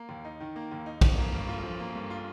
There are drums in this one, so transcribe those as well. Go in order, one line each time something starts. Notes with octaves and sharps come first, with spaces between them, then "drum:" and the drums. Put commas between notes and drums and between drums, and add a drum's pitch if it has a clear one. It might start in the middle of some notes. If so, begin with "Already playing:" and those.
Already playing: A#3
D#2
D#4
D#3
A#3
D#2
D#4
F3, drum: kick A#1, cymbal
A#3
G2
F4
F3
A#3
G2
F4